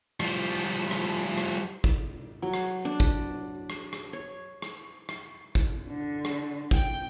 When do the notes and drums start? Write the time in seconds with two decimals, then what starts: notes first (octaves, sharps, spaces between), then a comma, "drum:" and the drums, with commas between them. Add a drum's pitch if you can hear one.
0.20 F3 G3, drum: rim click
0.91 drum: rim click
1.38 drum: rim click
1.84 drum: kick
2.42 F#3
2.54 drum: rim click
2.85 D4
3.00 drum: kick
3.70 drum: rim click
3.93 drum: rim click
4.13 C#5
4.62 drum: rim click
5.09 drum: rim click
5.55 drum: kick
5.89 D3
6.25 drum: rim click
6.71 G5, drum: kick